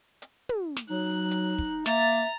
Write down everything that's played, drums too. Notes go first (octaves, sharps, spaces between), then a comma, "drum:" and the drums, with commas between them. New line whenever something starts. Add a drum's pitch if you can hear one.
drum: hi-hat
drum: tom
drum: snare
F#3 D#4 F#6
drum: hi-hat
drum: kick
A#3 E5 A#5 A6, drum: snare